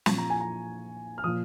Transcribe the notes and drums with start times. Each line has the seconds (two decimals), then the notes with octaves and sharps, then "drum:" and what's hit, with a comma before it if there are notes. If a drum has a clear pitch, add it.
0.06 A#2 F3 C#6, drum: snare
0.18 A#5
0.30 G#5
0.40 A#5
1.18 F6
1.24 A#2 F3 D#6